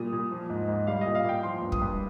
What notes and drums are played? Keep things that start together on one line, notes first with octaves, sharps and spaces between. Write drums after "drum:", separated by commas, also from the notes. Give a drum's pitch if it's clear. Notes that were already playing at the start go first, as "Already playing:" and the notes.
Already playing: A#2 G3 D#6
A#2
F3
G#2
G#2
G3 F5
A#2 D#5
F5
A#2 G5
F3 C6
G2
D#6, drum: kick
G2